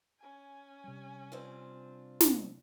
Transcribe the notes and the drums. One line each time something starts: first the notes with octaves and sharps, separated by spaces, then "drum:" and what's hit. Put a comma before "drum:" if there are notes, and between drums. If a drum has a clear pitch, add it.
C#4 G#5
C3 G3
C4 D4 F4
drum: snare